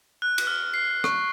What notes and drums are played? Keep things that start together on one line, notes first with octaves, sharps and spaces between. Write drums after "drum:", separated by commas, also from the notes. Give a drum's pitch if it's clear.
F#6
drum: cymbal
F6
C7
C#6, drum: rim click